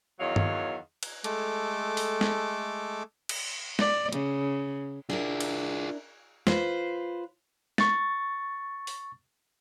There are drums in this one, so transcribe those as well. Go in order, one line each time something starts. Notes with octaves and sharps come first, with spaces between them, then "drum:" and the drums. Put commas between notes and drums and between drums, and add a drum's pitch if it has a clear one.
E2 D#3 F#3 C#5 F5
drum: tom G2
drum: cymbal
G#3 A3 A4 D6, drum: hi-hat
drum: open hi-hat
drum: snare
drum: cymbal
D5, drum: snare
C#3, drum: hi-hat
D4 E4 F4 G#4 A#4
drum: cymbal
F4 B4 C5, drum: snare
C#6 A6, drum: snare
drum: open hi-hat